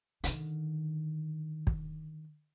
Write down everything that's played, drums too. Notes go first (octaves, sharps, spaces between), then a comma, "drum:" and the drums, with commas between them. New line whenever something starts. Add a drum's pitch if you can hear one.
D3 D#3, drum: hi-hat
drum: kick